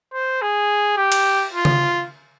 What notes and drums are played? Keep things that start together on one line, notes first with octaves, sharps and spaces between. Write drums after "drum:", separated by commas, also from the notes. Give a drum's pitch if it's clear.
C5
G#4
G4
drum: cymbal
F4
drum: tom C#3